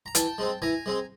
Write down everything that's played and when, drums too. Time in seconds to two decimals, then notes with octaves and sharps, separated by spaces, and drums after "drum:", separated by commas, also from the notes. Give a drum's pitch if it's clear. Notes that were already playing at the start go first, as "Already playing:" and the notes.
0.06 A#5
0.15 E3 G5 A5, drum: hi-hat
0.38 G#3 C4
0.62 E3 G#5 A#5
0.86 G#3 C4